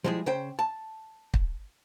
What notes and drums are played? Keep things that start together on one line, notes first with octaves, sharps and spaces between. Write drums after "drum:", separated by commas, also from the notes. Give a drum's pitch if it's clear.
F3 G3 G#3 E4 G#4
C#3 C5 G5
A5
drum: kick